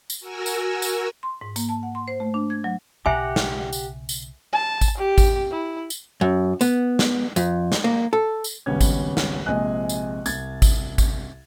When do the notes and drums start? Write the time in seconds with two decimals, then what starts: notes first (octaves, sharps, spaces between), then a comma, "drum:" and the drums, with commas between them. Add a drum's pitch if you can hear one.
0.10 drum: tambourine
0.20 F#4 A#4 G#5 E6 A#6
0.46 drum: tambourine
0.82 drum: tambourine
1.23 C6
1.41 G#2
1.56 A#3, drum: tambourine
1.69 A5
1.83 F#5
1.95 C6
2.08 C5
2.20 A3
2.34 D4
2.50 G#6
2.64 F#3
3.06 B1 C#3 G4 E5 F#5 G#5 A#5
3.36 drum: snare
3.73 drum: tambourine
4.09 drum: tambourine
4.53 A5
4.81 drum: kick G#1, tambourine
4.97 G4
5.18 drum: kick G#1, tambourine
5.51 E4
5.90 drum: tambourine
6.21 F#2
6.61 B3, drum: tambourine
6.99 drum: snare
7.36 F2, drum: tambourine
7.72 drum: snare
7.84 A#3
8.13 A4
8.44 drum: tambourine
8.66 G#1 C#2 G3 B3 C#4 G#6
8.81 drum: kick G#1, tambourine
9.17 drum: snare
9.46 A#1 C3 G#3 D#5 G#5 F#6
9.89 drum: tambourine
10.26 C2 G#6 A6, drum: tambourine
10.62 drum: kick G#1, tambourine
10.98 drum: kick G#1, tambourine